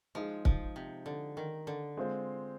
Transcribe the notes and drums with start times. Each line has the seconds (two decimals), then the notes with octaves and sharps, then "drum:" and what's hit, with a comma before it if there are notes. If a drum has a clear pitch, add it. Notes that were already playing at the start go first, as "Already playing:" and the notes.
0.15 F3 G#3 D#4 G#4
0.45 F3, drum: kick
0.76 C3
1.06 D3
1.37 D#3
1.67 D3
1.97 G#3 C4 F4 C5